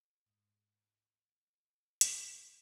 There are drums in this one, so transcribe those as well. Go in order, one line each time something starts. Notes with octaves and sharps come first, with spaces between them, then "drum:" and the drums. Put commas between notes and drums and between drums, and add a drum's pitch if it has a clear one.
G#2
A#4, drum: hi-hat